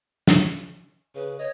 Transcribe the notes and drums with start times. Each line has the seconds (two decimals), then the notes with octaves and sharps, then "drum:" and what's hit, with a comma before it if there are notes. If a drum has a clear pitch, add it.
0.27 drum: snare
1.15 C#3 B4
1.39 C#5 D#5